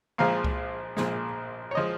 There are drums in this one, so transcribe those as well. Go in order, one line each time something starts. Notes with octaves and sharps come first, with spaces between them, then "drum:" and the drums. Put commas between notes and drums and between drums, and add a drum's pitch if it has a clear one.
A#1 A#2 F3 G#3 F5
drum: kick C2
A#1 A#2 F3 G#3, drum: snare
C#5
F3 G#3 D#5